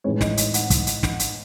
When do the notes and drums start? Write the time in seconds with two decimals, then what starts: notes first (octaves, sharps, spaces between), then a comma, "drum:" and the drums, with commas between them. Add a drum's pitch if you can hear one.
0.04 A2 E3 G#3 C#5
0.21 D#5, drum: snare
0.37 D#5, drum: hi-hat
0.54 F#5, drum: hi-hat
0.70 drum: kick, hi-hat
0.87 drum: hi-hat
1.03 drum: snare
1.19 drum: hi-hat